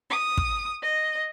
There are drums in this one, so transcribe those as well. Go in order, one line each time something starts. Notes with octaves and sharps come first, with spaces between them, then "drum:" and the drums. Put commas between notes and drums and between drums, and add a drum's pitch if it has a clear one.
D#6
drum: kick
D#5